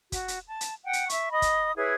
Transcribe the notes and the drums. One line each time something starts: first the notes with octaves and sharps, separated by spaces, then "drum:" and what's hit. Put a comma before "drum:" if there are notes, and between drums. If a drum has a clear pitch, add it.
F#4, drum: kick, hi-hat
drum: hi-hat
A5
drum: hi-hat
F#5 G5
drum: hi-hat
E5 C#6, drum: hi-hat
D#5 B5 D#6
drum: kick, hi-hat
E4 G#4 B4 C#5